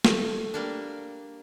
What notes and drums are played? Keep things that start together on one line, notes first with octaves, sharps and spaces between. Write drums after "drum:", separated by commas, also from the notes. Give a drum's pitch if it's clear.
A3, drum: snare
G3 A#3 D4